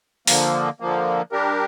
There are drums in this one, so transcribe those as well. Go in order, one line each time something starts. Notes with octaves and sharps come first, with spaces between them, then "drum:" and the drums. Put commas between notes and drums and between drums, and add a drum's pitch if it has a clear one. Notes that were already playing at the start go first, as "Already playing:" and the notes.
D3 F3 A#3, drum: open hi-hat
D3 F3 A#3
G3 D4 G4 A#4